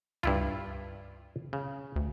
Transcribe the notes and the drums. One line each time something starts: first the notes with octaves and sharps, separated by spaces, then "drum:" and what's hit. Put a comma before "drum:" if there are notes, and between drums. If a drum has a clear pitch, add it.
G2 E4 F4, drum: tom C#2
C#3
D2